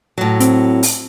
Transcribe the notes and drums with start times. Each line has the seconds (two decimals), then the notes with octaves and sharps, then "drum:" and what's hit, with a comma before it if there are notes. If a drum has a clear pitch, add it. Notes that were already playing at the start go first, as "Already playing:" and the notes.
0.18 A2 F#3
0.40 C4, drum: hi-hat
0.83 drum: open hi-hat